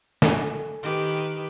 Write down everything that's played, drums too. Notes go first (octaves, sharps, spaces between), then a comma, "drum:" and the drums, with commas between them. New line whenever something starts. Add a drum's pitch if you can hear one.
A4 G#5, drum: snare
D#3 G4 B4